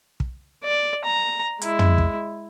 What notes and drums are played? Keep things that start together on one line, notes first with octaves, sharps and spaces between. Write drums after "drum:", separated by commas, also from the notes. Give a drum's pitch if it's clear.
drum: kick
D5
A#5
G#3 E4, drum: hi-hat
drum: tom
drum: kick